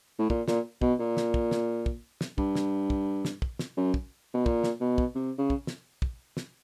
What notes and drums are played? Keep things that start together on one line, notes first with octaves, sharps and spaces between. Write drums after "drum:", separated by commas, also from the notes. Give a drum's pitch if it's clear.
A2
A#2, drum: kick
A#2, drum: snare
B2, drum: kick
A#2
drum: snare
drum: kick
drum: snare
drum: kick
drum: snare
G2, drum: kick
drum: snare
drum: kick
drum: snare
drum: kick
drum: snare
F#2
drum: kick
B2
A#2, drum: kick
drum: snare
B2
drum: kick
C3
C#3
drum: kick
drum: snare
drum: kick
drum: snare